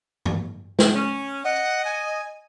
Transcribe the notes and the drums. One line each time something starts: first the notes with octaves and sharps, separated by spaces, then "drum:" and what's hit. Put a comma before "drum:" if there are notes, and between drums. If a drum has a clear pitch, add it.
drum: tom G2
drum: snare
C#4
D#5 F#5
G#5